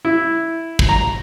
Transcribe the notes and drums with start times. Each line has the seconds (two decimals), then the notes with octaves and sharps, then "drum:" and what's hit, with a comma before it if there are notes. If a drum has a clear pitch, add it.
0.05 E4
0.79 drum: kick
0.89 A#5